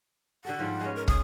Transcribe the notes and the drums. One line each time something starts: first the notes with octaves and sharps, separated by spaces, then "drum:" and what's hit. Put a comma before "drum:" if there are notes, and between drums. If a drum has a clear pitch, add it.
D3 G4 A4 F#5
G#2 F3 G3
G#3 B3 C#4
A#4
D#6, drum: kick